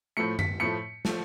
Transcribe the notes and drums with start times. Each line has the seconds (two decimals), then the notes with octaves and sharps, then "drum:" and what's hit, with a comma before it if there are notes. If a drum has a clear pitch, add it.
0.17 A2 F3 A3 C#7
0.39 B6, drum: tom F#2
0.60 A2 F3 A3 C#7
1.05 F3 A3, drum: snare